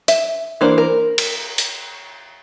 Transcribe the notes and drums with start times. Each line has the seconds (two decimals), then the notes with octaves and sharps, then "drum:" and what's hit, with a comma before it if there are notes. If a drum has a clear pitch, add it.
0.08 E5, drum: hi-hat
0.61 E3 A#3 D4 C5
0.78 A#4
1.18 drum: cymbal
1.58 drum: hi-hat